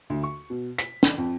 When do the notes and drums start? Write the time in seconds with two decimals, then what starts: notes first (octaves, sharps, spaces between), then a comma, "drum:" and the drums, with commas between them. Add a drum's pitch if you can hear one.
0.10 D2
0.23 C#6
0.50 B2
0.78 B6, drum: hi-hat
1.03 drum: snare
1.18 F2